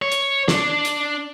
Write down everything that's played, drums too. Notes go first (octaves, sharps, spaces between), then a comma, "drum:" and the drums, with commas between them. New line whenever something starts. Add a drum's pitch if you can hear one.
C#5
drum: hi-hat
D4, drum: snare
drum: hi-hat